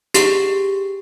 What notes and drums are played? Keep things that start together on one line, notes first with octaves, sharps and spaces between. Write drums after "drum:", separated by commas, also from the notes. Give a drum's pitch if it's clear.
G4 G#4, drum: hi-hat